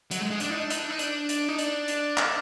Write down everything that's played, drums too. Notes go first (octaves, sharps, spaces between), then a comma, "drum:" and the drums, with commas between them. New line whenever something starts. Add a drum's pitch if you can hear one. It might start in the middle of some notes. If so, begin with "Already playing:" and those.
F#3, drum: hi-hat
G#3
G#3
D4, drum: hi-hat
D#4
D4
D#4, drum: hi-hat
D4
D#4
D4, drum: hi-hat
drum: hi-hat
D#4
D4, drum: hi-hat
drum: hi-hat
drum: clap